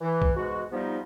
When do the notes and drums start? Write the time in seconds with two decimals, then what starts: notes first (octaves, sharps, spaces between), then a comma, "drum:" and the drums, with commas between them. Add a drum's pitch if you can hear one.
0.01 E3
0.22 drum: kick
0.36 G#2 B2 G#3 F#4
0.72 C3 F3 G3 B3 D#4